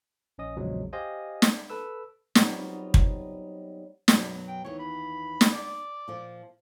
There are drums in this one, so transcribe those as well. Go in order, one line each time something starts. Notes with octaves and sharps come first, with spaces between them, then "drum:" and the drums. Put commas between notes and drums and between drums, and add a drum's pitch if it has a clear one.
A#1 C#4 D#5 D#6
A#1 E2 C#3 F3 F#3 G#3
G4 C5 D#5 F5 G#5
drum: snare
A4 B4 E6
F#3 G3 B3 C4 D#4 F4, drum: snare
drum: kick
F#2 B2 F#3, drum: snare
G5
D#2 E3 C#5
B5
drum: snare
D5
A#2 F3